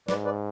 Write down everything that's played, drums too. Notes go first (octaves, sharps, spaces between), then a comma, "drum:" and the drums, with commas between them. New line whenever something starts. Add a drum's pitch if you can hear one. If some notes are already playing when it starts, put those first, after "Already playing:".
G#2 B4 D5, drum: snare
B4 D5